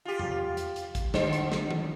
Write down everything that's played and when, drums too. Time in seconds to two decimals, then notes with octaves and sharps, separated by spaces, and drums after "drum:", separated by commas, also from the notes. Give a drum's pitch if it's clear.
0.05 F4 G4
0.19 drum: tom E2
0.57 drum: hi-hat
0.76 drum: hi-hat
0.95 drum: kick, hi-hat
1.14 D3 D4 C5, drum: snare
1.33 drum: hi-hat
1.52 drum: snare
1.71 drum: tom D#3